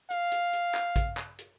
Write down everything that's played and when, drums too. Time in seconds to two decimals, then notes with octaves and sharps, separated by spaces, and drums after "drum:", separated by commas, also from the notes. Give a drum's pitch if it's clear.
0.10 F5, drum: hi-hat
0.32 drum: hi-hat
0.53 drum: hi-hat
0.74 drum: clap
0.96 drum: kick A1, hi-hat
1.17 drum: clap
1.39 drum: hi-hat